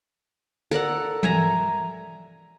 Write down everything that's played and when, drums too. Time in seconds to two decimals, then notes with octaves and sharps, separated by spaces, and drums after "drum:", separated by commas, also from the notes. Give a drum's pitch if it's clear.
0.71 A4 A#4 D5 F#5
1.23 E5 G#5 A#5, drum: tom E3